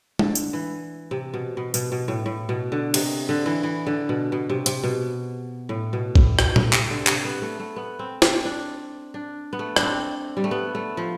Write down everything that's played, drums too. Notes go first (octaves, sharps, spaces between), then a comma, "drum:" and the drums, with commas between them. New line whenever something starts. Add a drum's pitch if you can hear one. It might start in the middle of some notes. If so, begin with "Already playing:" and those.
D3, drum: tom G#3
drum: tambourine
E3
C3
B2
B2
B2, drum: tambourine
B2
A2
A2
B2
D3
C3, drum: cymbal
D3
E3
E3
D3
B2
B2
C3
C3, drum: hi-hat
B2
A2
B2
A2, drum: kick
B2, drum: rim click
A2, drum: tom A#2
C3, drum: clap
D3
C3, drum: clap
B3
A3
A3
B3
C4
C4, drum: snare
D4
D4
B3
A3
D4, drum: rim click
C4
G3
A3
B3
A3
F3